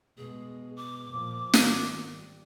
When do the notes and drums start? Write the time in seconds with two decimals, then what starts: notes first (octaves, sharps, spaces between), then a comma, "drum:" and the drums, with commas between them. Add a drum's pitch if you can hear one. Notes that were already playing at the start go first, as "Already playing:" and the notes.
0.18 B2 G#3 G#4
0.76 D6
1.11 A#2 F3
1.53 G#1 D#3, drum: snare
2.10 G3